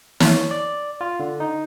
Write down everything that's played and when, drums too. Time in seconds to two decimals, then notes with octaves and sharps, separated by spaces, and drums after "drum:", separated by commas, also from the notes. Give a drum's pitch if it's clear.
0.20 C#5, drum: snare
0.51 D5
1.01 F4
1.20 D3
1.40 D#4